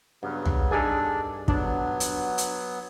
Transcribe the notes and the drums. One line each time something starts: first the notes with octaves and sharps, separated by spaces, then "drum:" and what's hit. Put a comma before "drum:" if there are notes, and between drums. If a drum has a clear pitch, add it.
G2 C#3 F#3 B3
drum: tom
G2 D4 D#4 G#4 A4 D5
F#3 B3 D4, drum: kick
drum: hi-hat
drum: hi-hat